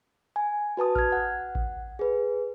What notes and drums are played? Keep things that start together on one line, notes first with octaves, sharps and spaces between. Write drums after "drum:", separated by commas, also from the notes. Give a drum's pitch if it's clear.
G#5
F#4 B4 A5 D#6
F6 G#6, drum: kick A1
F#5
drum: kick A1
G#4 B4